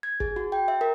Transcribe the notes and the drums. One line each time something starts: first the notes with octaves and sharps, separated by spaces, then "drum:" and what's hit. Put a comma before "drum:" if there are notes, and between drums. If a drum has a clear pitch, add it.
G#6
G#4, drum: kick G1
F#4
G5
E5
A#4